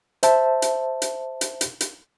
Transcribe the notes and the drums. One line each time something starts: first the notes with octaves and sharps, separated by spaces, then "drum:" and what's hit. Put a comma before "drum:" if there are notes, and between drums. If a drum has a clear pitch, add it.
C5 E5 A5, drum: hi-hat
drum: hi-hat
drum: hi-hat
drum: hi-hat
drum: hi-hat
drum: hi-hat